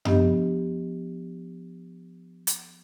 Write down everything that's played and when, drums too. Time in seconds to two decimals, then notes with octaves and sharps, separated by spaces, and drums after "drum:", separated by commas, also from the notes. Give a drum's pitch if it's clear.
0.05 F3 B3 D4 G4 D#5, drum: tom F#2
2.47 drum: hi-hat